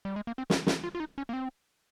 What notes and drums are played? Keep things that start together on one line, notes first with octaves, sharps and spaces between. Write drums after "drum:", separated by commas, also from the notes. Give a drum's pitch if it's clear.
G3
G#3
A#3
C4
C#4, drum: snare
D#4, drum: snare
F4
F4
D#4
C#4
A#3
C4